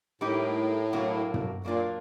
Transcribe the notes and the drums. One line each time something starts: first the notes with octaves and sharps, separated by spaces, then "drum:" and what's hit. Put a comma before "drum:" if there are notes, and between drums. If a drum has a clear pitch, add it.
A2 G3 A#3 D#4 G4
B2 F#3 A#3 D4 F#4
drum: tom
A#2 F#3 A#3 D4 F4